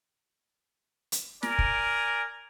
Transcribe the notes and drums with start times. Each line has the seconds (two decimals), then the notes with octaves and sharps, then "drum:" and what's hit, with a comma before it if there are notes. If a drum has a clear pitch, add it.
1.12 drum: hi-hat
1.43 A#4 D5 G#5, drum: snare
1.59 drum: kick